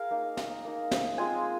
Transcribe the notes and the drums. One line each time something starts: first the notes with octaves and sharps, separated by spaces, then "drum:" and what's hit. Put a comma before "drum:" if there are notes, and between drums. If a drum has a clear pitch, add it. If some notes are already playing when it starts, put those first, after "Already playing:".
Already playing: G#4 A#4 F5
A#3 D#4
drum: snare
A#3 D#4
drum: snare
G#3 C4 F4 G#5